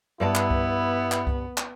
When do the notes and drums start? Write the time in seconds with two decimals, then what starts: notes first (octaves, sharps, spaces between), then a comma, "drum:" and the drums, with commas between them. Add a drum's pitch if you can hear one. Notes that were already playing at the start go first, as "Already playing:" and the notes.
0.20 G2 B3 E4 D5 A5
0.35 drum: clap
0.51 drum: kick C2
1.12 drum: clap
1.27 drum: kick C2
1.57 drum: clap